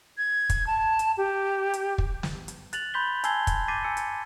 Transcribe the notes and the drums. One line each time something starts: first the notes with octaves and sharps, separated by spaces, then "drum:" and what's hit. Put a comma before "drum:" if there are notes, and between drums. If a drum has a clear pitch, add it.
G#6
drum: kick, hi-hat
A5
drum: hi-hat
G4
drum: hi-hat
drum: kick
drum: snare
drum: hi-hat
F#6 A6 F7 F#7, drum: hi-hat
B5 C6 G6 B6 G7
G#5 A5 E6 G#6 C7 G7, drum: hi-hat
drum: kick, hi-hat
D6 G6 A6 B6 C7 D#7
G#5 E6 C#7
drum: hi-hat